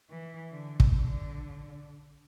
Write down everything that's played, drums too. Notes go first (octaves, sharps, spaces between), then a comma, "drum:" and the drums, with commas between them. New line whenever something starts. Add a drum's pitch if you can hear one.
E3
D3
drum: kick
D3